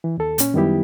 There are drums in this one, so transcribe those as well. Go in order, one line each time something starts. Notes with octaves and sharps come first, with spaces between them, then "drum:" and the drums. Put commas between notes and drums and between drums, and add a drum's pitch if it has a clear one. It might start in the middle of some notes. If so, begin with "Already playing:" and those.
E3
D#2 A4
A#2 C#4, drum: hi-hat
F#2 D#3 G3 B3 E4 G4